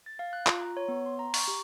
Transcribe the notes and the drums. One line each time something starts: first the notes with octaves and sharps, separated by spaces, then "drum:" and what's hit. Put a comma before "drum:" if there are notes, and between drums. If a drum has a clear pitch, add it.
A6
F5
F#6
F4, drum: clap
A#5
C#5
B3
C6
A#5
C#6, drum: open hi-hat
G4